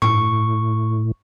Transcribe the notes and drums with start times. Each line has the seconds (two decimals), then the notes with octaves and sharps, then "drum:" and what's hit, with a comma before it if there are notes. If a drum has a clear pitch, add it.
0.02 A2 C#6, drum: tom G2